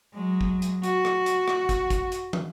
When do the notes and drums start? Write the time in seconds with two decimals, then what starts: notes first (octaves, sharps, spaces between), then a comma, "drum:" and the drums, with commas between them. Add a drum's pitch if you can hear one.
0.14 F#3 G#3
0.41 drum: kick
0.62 drum: hi-hat
0.83 F#4, drum: hi-hat
1.05 drum: rim click
1.26 drum: hi-hat
1.48 drum: rim click
1.69 drum: kick, hi-hat
1.90 drum: kick, hi-hat
2.12 drum: hi-hat
2.33 drum: tom